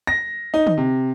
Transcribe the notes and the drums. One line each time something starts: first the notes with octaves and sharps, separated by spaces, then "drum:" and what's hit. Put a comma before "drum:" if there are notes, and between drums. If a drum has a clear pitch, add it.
A#6
D#4
drum: tom
C3